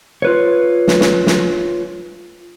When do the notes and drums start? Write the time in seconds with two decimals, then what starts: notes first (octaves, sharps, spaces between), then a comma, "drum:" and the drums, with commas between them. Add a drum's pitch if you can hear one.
0.22 F4 B4 C#5
0.88 drum: snare
1.01 drum: snare
1.27 drum: snare